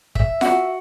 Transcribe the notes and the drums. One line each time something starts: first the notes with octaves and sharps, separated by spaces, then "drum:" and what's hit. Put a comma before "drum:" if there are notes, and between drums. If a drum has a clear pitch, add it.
E5, drum: kick
F#4, drum: snare F4